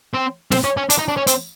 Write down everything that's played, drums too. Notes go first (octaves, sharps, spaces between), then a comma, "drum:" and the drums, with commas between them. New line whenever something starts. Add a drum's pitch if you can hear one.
C4
C4, drum: snare
C#4
C#4
D4, drum: hi-hat
D#4
D4
C#4
C4, drum: hi-hat